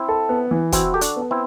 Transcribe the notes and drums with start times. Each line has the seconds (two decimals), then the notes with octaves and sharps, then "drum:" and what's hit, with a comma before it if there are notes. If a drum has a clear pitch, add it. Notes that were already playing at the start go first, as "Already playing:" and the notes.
Already playing: C4 E4
0.08 A4
0.29 B3
0.51 E3
0.72 C4 E4 F#4, drum: kick, hi-hat
0.94 G4 A4
1.01 D4 F#4, drum: hi-hat
1.16 B3
1.31 C4 E4